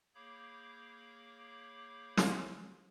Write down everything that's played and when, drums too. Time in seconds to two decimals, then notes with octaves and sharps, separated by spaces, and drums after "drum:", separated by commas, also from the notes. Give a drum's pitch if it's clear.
0.15 A#3 G#4 C#5 B5 D6 G6
2.17 drum: snare